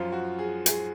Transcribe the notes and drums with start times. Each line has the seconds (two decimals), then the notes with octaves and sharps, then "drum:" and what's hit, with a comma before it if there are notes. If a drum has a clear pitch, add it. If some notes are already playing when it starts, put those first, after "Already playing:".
Already playing: F#2 F3 F4
0.12 F#4
0.38 G#4
0.66 G#4, drum: hi-hat